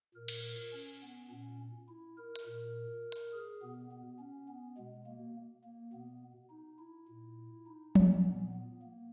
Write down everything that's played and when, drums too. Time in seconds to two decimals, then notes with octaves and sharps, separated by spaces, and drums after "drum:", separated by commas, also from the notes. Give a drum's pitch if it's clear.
0.15 A#2 A#4
0.28 drum: cymbal
0.43 A#4
0.73 C#4
1.02 B3
1.30 A#2 C#4
1.89 E4
2.17 A#4
2.36 drum: hi-hat
2.46 A#2 A#4
3.12 drum: hi-hat
3.33 G#4
3.62 B2 B3
3.91 B3
4.19 C#4
4.48 B3
4.77 B2 G#3
5.06 A#3
5.64 A#3
5.92 B2 B3
6.50 D#4
6.79 E4
7.09 A#2
7.66 D#4
7.95 C#4, drum: tom F3
8.24 A#2 B3
8.53 B3
8.82 A#3